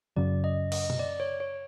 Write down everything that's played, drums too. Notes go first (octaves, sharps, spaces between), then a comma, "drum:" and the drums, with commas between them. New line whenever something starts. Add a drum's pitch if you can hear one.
F#2 C#3 F#3 D5
D#5
D#5, drum: cymbal
drum: tom B2
D5
C#5
C#5